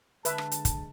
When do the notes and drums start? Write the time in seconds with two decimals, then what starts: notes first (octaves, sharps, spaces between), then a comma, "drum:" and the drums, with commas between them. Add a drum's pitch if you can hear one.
0.25 D3 G#3 B4 E5 A5, drum: hi-hat
0.38 drum: rim click
0.52 drum: hi-hat
0.65 drum: kick, hi-hat